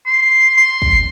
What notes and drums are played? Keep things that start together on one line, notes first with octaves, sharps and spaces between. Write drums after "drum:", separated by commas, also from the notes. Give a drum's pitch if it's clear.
C6
C6
drum: kick